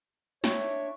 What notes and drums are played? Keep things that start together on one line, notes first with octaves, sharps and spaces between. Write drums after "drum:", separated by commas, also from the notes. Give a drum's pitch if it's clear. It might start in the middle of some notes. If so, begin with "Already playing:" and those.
D4 C#5 E5 G5, drum: snare